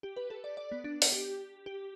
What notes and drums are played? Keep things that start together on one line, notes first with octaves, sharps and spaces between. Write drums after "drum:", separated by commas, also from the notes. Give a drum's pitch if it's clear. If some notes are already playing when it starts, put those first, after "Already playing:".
G4
B4
A4
D5
D5
B3
D4
drum: open hi-hat
G4
G4